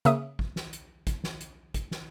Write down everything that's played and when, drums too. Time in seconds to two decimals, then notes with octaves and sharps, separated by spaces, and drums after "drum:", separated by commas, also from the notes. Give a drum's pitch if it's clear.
0.05 C#3 A#3 E5 D#6, drum: hi-hat
0.39 drum: kick
0.56 drum: snare
0.73 drum: hi-hat
1.07 drum: kick, hi-hat
1.24 drum: snare
1.41 drum: hi-hat
1.74 drum: kick, hi-hat
1.91 drum: snare